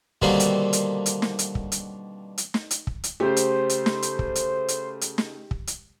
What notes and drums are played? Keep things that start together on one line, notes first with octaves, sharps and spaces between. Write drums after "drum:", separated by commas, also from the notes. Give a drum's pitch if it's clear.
B2 D3 D#3 G3 A#3 C4, drum: kick
drum: hi-hat
drum: hi-hat
drum: hi-hat
drum: snare
drum: hi-hat
drum: kick
drum: hi-hat
drum: hi-hat
drum: snare
drum: hi-hat
drum: kick
drum: hi-hat
C#3 A3 G4 C5
drum: hi-hat
drum: hi-hat
drum: snare
drum: hi-hat
drum: kick
drum: hi-hat
drum: hi-hat
drum: hi-hat
drum: snare
drum: kick
drum: hi-hat